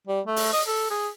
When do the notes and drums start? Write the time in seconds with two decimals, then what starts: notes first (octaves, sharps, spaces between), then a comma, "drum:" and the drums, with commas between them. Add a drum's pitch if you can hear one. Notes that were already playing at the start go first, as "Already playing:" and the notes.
0.07 G3
0.26 A3
0.36 drum: open hi-hat
0.53 D#5
0.67 A4
0.90 G#4